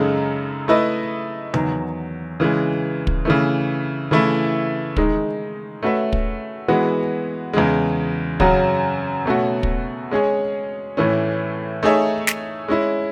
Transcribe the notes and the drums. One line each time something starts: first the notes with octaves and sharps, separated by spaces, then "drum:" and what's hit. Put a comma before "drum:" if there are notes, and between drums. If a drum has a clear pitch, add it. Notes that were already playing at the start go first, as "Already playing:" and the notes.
Already playing: F#2 C#3 G#3 D#4 A4
A3 E4 B4 D#5
E2 D#3 F#3, drum: tom C#3
C#3 E3 G#3
drum: kick
C#3 E3 A3
C#3 E3 A3 E4
D#3 G#3 D#4, drum: kick
A3 C#4 F#4 B4 E5
drum: kick
E3 G#3 B3 F#4
E2 C#3 G#3
F#2 C#3 F#3 C#4 F#4, drum: kick
B2 A3 C#4 F#4
drum: kick
G#3 C#4 G#4 C#5
A2 E3 A3 C#4
A3 D#4 G#4 C#5 E5
drum: snare
G#3 C#4 E4